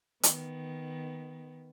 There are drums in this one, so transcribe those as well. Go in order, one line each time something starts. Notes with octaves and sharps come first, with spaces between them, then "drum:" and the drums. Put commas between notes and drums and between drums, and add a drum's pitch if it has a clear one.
D#3 B3, drum: hi-hat